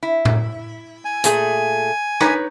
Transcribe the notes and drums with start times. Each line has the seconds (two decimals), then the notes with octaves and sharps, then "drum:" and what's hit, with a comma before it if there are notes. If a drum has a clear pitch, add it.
0.03 E4
0.25 drum: tom A2
1.05 G#5
1.24 A#2 A3 G#4, drum: hi-hat
2.21 D#4 B4 C#5, drum: rim click